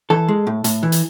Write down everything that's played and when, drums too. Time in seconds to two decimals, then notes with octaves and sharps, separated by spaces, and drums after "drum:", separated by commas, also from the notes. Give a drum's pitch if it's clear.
0.10 E3 A4
0.29 G#3
0.47 A2
0.64 A2, drum: hi-hat
0.83 E3
0.92 drum: hi-hat